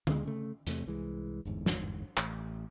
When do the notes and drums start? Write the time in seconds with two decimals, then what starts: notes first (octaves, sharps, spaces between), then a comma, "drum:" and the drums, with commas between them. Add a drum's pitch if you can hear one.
0.07 D2 D3 G#3, drum: tom D3
0.25 C#3 A3
0.67 E2 C3 A3, drum: hi-hat
0.86 C2 E3 G#3
1.45 G1 E2 G#2
1.66 drum: snare
2.17 A1, drum: clap